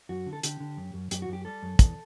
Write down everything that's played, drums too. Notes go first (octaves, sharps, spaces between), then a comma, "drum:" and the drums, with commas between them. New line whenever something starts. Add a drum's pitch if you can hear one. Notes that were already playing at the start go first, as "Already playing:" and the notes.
F#2 F#4
D3
A4
D3 G4, drum: hi-hat
D3
F#2
F#2
F#2 G4, drum: hi-hat
F#4
F#2 G4
G3 A4
F#2
E2, drum: kick, hi-hat